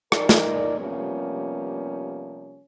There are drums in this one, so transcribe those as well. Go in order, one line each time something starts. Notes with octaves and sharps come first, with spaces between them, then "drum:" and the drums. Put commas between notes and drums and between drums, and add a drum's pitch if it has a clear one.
D#4 A#4 D5, drum: rim click
drum: snare
C3 F3 G3 A#3 B3 C#4